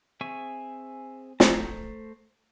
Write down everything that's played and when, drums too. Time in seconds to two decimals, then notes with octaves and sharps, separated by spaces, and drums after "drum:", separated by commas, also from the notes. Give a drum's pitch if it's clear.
0.21 C4 G#4 E5 G#5 C#6
1.40 A3 C5 A#5, drum: snare